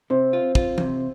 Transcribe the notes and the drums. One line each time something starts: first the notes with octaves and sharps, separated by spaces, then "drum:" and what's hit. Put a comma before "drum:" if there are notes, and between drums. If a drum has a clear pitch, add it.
C3 C4 C5
F4
F4, drum: kick
C3, drum: tom